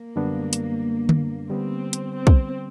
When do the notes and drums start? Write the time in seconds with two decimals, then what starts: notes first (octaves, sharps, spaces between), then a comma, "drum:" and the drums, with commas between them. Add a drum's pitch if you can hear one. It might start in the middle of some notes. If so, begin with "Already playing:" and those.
Already playing: A#3
0.16 F#2 D3 G3 B3 D4
0.53 drum: hi-hat
1.09 drum: tom D3
1.49 D3 G3 B3 C4
1.93 drum: hi-hat
2.16 C4
2.27 drum: kick